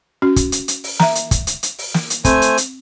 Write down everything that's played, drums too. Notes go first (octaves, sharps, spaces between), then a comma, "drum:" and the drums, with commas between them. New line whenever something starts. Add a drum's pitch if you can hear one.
C#4 F#4
drum: kick, hi-hat
drum: hi-hat
drum: hi-hat
drum: open hi-hat
E5 A#5, drum: snare
drum: hi-hat
drum: kick, hi-hat
drum: hi-hat
drum: hi-hat
drum: open hi-hat
drum: snare
drum: hi-hat
A3 C4 C5 G#5, drum: kick, hi-hat
drum: hi-hat
drum: hi-hat